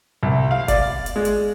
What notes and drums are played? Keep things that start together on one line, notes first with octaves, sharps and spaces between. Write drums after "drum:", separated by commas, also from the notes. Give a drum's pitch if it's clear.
C2
F5
D5, drum: kick, hi-hat
drum: hi-hat
G#3
drum: hi-hat